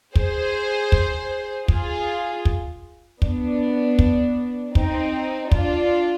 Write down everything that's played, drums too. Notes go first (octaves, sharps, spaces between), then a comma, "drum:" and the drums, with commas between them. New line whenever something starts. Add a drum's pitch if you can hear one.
G#4 C5, drum: kick
drum: kick
F4 G#4, drum: kick
drum: kick
B3 D4, drum: kick
drum: kick
C4 D#4, drum: kick
D4 F4, drum: kick